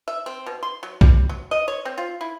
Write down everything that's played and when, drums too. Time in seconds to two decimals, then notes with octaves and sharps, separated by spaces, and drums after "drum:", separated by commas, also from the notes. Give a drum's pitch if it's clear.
0.08 E5
0.26 C4
0.46 B2
0.63 C6
0.83 F#3
1.01 G3, drum: kick B1
1.29 F#3
1.51 D#5
1.68 C#5
1.85 C4
1.98 F4
2.21 E4